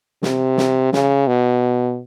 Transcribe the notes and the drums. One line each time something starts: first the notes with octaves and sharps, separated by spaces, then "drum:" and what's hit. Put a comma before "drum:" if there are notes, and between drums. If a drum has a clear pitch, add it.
C3, drum: snare
drum: snare
C#3, drum: snare
B2